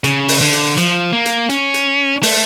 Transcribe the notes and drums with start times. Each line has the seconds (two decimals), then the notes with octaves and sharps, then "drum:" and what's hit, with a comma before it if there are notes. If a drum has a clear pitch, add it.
0.04 C#3, drum: hi-hat
0.28 drum: open hi-hat
0.41 D3
0.53 drum: hi-hat
0.77 F3, drum: hi-hat
1.13 A#3
1.25 drum: hi-hat
1.49 C#4, drum: hi-hat
1.74 drum: hi-hat
2.23 A3, drum: open hi-hat